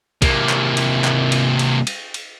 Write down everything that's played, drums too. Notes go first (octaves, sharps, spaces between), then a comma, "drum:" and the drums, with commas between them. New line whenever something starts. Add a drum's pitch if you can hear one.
C3 A#3, drum: kick A#1, cymbal
drum: clap
drum: cymbal
drum: clap
drum: cymbal
drum: cymbal
drum: cymbal
drum: cymbal